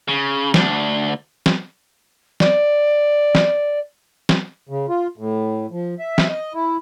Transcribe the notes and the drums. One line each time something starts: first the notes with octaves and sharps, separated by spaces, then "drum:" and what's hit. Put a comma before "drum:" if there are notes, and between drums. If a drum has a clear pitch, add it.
C#3
D2 D4, drum: snare
drum: snare
D5, drum: snare
drum: snare
drum: snare
C#3
F4
A2
F3
E5
drum: snare
D#5
E4